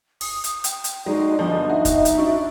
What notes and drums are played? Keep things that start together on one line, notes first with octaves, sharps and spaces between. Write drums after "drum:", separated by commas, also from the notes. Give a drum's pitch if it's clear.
D#6, drum: open hi-hat
drum: hi-hat
G5, drum: hi-hat
drum: hi-hat
G#3 D#4 F#4 D5
G1 F3 D4 D#5
D#4 F#4 E5
drum: kick, hi-hat
drum: hi-hat
D4 E4 F#4 C#6